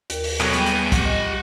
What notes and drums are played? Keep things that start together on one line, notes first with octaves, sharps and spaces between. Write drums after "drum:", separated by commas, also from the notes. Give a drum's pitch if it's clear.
D#2 A#4, drum: hi-hat
drum: open hi-hat
B2 F#3 A4 A#6, drum: clap
G3 B3 G#4 G5, drum: hi-hat
drum: hi-hat
G4 F#5, drum: kick, hi-hat
D#5